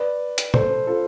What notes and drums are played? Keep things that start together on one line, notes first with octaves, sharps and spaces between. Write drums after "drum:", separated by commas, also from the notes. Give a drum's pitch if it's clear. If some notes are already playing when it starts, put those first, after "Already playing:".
Already playing: B4 D5
drum: hi-hat
A4 C5, drum: tom
F4 A4